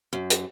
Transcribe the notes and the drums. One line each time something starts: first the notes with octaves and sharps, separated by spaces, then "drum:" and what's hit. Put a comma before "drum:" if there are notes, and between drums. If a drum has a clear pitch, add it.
F#2
drum: hi-hat